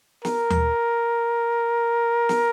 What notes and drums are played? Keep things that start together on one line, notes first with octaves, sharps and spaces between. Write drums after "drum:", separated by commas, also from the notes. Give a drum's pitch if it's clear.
A#4, drum: snare
drum: tom D#2
drum: snare